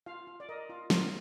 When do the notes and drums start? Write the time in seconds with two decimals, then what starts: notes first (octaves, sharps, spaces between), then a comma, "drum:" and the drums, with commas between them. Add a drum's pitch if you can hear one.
0.06 F4 F5
0.27 F4
0.40 D5
0.49 A#4 D#5
0.70 F4
0.90 F4 A#4 F5, drum: snare